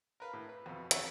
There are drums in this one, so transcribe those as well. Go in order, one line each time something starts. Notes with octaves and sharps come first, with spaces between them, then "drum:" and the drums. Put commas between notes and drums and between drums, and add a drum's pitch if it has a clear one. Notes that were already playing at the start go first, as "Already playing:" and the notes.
A#4 B4 F5
A2
B4
F2 B2
F2 F#4 C#6 E6, drum: hi-hat